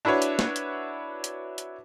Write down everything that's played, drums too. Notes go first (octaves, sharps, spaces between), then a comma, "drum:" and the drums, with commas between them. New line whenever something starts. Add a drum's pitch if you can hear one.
D4 E4 F#4 B4 C#5
drum: hi-hat
drum: snare
drum: hi-hat
drum: hi-hat
drum: hi-hat